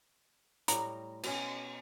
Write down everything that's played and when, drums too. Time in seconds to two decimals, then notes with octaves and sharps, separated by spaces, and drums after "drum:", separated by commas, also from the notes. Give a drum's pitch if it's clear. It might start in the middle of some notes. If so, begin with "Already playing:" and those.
0.68 A2 G3 A#5, drum: hi-hat
1.23 B2 C#4, drum: cymbal